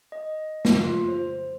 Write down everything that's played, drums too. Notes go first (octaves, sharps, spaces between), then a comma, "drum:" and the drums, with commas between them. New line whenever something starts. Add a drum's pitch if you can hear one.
D#5
drum: snare
F4
C5